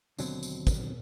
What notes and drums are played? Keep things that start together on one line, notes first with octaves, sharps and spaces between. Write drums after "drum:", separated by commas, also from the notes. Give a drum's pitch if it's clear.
D#2 B2 D3 F#3 C4, drum: tambourine
drum: tambourine
drum: kick, tambourine